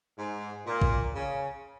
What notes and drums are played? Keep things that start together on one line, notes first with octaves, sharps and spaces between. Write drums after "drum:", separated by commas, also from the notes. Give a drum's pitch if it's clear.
G#2
A#2
drum: kick A1
C#3